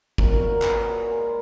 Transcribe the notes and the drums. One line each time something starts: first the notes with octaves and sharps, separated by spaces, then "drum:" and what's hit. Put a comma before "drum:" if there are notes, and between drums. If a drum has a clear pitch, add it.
A#2 F#4 A#4, drum: kick
A#4 C#5
A#2
G#4 B4, drum: clap
A#2 F#4 A#4
F4 G#4
G#3